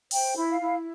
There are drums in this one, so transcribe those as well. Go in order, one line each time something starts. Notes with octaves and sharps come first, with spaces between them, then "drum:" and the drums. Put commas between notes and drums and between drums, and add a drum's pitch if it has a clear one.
C5 G5, drum: open hi-hat
E4
F5
E4